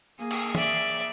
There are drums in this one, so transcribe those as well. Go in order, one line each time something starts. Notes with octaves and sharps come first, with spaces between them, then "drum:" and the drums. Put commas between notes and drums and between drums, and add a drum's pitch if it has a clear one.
A#3 G#4
drum: cymbal
D5 E5, drum: tom